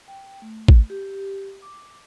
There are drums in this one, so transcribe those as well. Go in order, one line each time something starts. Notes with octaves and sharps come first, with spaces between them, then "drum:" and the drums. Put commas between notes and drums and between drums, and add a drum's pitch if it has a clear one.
G5
A3
drum: kick
G4
D6